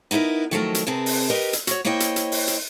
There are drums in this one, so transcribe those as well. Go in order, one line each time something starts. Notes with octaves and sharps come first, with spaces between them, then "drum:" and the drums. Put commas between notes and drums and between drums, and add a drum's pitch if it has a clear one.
B3 D#4 E4 A#4 B4
D#3 F3 F#3 A3 A4 A#4
drum: hi-hat
C3 C4 G#4 A#4 B4 A5
drum: open hi-hat
G4 A#4 B4 D#5
drum: hi-hat
F#4 C#5, drum: hi-hat
A#3 E4 C5 C#5 D#5 G5
drum: hi-hat
drum: hi-hat
drum: open hi-hat
drum: hi-hat